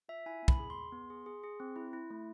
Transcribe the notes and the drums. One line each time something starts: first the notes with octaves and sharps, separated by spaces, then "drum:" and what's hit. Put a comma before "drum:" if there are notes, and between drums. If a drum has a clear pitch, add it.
F4 E5
E4 G#5
B3
B5, drum: kick
G#4
C6
G#4
B3
G#4
G#4
G#4
C4
E4
E4
A3